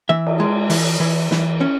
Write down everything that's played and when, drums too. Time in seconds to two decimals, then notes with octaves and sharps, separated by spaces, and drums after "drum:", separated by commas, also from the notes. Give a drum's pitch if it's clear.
0.09 E3 E5
0.27 drum: cymbal
0.40 G#3
0.70 E3, drum: open hi-hat
1.00 E3
1.31 E3, drum: snare
1.61 C#4